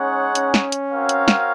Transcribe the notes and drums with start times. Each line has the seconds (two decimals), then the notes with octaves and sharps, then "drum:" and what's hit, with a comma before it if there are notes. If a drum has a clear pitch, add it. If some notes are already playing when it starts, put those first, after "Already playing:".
Already playing: G#3 C#4 D#4 G#4 C#5 F#5
0.35 C#4, drum: hi-hat
0.54 drum: snare
0.72 drum: hi-hat
0.91 C4 F#4 A#4 C#5 F5
1.09 drum: hi-hat
1.28 drum: snare